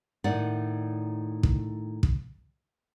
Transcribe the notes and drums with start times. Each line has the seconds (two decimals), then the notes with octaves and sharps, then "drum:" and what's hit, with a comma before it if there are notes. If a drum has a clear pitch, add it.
0.24 A2 D#3 D#4 D5 F#5
1.43 drum: kick
2.03 drum: kick